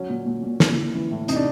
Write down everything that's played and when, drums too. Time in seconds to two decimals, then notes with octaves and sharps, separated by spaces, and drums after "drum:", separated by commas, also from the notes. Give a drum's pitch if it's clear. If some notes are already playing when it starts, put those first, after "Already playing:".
Already playing: F#3 C#4
0.09 A#2
0.26 A#2
0.43 A#2
0.60 E3, drum: snare
0.78 E3
0.95 E3
1.11 A2
1.28 C3 D#4, drum: hi-hat
1.36 D4